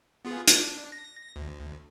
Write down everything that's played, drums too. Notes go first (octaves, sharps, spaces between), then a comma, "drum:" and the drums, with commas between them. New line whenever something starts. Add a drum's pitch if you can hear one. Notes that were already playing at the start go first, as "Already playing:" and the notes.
B3 F4 G#4
D4, drum: hi-hat
A#6
D2